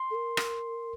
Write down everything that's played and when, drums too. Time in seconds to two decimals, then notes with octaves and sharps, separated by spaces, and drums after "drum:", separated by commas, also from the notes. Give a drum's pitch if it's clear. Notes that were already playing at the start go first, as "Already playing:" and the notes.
Already playing: C6
0.10 A4
0.14 A#4
0.37 drum: rim click